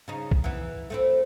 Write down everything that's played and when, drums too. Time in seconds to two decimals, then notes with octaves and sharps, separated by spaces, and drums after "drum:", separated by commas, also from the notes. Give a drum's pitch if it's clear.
0.08 C#3 D#4
0.31 drum: kick
0.44 E3 B3
0.90 A3 C4 E4